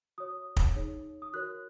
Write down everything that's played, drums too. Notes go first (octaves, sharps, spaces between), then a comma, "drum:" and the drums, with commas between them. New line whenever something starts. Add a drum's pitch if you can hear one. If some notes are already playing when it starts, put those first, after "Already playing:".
F#4 C#5 D#6
drum: kick
D#4 G#4 C#5
D#6
F#4 A#4 C#5 F#6